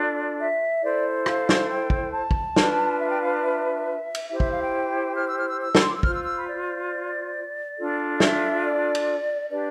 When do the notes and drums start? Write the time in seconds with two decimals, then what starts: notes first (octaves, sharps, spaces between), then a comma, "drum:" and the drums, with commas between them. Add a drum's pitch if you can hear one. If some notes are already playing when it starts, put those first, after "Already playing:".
Already playing: D4 F4 A4 D5
0.39 E5
0.82 E4 A4 C5 D5
1.26 F5, drum: rim click
1.49 drum: snare
1.70 G5
1.90 drum: kick
2.12 A5
2.31 drum: kick
2.56 D4 F4 B4, drum: snare
3.00 E5
3.10 G5
3.21 F5
3.43 E5
4.15 drum: cymbal
4.30 E4 G4 C5 E5
4.40 E5, drum: kick
4.51 F5
4.62 G5
5.16 F6
5.27 E6
5.38 F6
5.48 E6
5.60 E6
5.75 B5, drum: snare
5.82 C6
5.89 D6
5.96 E6
6.03 F4 C5 F6, drum: kick
6.14 E6
6.25 E6
6.36 B5
6.47 D5
7.78 D4 F4 A4
8.20 E5, drum: snare
8.64 D5
8.95 drum: cymbal
9.51 D4 G4 B4 D5